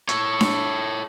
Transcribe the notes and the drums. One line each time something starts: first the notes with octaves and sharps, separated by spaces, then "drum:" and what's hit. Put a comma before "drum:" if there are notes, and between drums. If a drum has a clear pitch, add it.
A4 C#5, drum: hi-hat
drum: snare D4